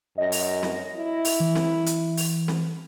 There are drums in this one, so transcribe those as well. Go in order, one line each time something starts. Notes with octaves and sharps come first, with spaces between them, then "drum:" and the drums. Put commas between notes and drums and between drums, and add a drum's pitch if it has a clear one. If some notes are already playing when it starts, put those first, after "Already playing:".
F#2 D#5 A#6
drum: open hi-hat
drum: snare C4
E4
drum: open hi-hat
E3
drum: snare C4
drum: hi-hat
drum: open hi-hat
drum: snare C4